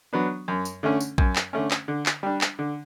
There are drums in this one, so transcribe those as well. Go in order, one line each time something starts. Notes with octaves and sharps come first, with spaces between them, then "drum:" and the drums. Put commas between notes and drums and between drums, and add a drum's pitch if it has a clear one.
F#3 B3 D4
F#2
drum: tambourine
D3 A3 C#4
drum: tambourine
F#2, drum: kick A#1
drum: clap
D3 A3 C#4
drum: clap
D3
drum: clap
G3 D4
drum: clap
D3